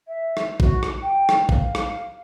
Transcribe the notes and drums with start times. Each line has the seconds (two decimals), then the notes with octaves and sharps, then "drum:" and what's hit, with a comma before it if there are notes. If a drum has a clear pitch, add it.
0.07 E5
0.37 drum: rim click
0.60 F#4, drum: kick
0.83 drum: rim click
1.02 G5
1.29 drum: rim click
1.49 F5, drum: kick
1.75 drum: rim click